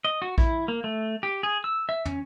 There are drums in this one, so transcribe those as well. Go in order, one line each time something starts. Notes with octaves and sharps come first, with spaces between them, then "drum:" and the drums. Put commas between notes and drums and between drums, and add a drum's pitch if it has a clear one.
D#5
F#4
E4, drum: kick A#1
A#3
A3
G4
G#4
E6
E5
C#4, drum: tom